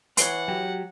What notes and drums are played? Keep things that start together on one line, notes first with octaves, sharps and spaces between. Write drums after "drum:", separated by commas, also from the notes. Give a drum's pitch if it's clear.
E3 C#5 F#5 C6, drum: hi-hat
F#3 G4